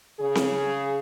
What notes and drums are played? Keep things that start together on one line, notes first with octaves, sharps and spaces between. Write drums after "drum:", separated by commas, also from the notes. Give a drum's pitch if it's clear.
C#3 G#4
drum: snare C4